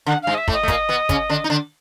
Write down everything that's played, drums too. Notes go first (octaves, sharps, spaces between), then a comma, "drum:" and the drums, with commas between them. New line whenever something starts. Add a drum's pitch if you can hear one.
D3 F#5
G#2 G#3 F5
D#5
E5
A2 A3, drum: kick
D#5
A3
A#2 A#3, drum: kick, hi-hat
B2 B3
C#3 C#4, drum: kick, hi-hat
D3 D4
D#4
D3 D4